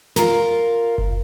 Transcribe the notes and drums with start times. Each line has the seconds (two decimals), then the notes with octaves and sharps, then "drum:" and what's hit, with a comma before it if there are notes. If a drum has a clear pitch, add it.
0.16 F4 A#4, drum: snare
0.98 drum: kick F#1